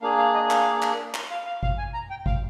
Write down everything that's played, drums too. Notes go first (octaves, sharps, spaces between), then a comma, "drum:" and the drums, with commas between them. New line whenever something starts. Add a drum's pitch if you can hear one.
A#3 D4 G#4 F5
F5
D#5
F5, drum: clap
drum: clap
drum: clap
F5
F5
F5, drum: kick G#1
G#5
A#5
G5
F5, drum: kick G#1